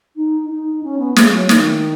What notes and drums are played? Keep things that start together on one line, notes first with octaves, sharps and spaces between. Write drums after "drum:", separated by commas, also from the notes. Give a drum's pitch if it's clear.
D#4
D#4
C#4
B3
G#3, drum: snare
F#3
D#3, drum: snare